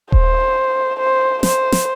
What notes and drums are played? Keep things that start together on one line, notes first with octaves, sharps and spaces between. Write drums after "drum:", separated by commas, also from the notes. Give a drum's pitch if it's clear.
C5, drum: kick D#1
C5
C5, drum: snare
drum: snare